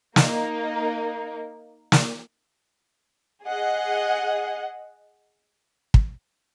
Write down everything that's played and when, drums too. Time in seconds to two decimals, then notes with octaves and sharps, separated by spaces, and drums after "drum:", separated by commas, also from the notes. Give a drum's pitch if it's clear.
0.16 A#3 D#4 A#4, drum: snare
1.92 drum: snare
3.44 G#4 D#5 F#5
5.94 drum: kick